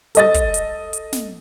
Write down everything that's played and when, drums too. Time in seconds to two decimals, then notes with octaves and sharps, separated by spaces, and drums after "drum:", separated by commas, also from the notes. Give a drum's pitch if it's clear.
0.15 A4 D#5 A6, drum: hi-hat
0.34 drum: kick, hi-hat
0.54 drum: hi-hat
0.93 drum: hi-hat
1.13 drum: snare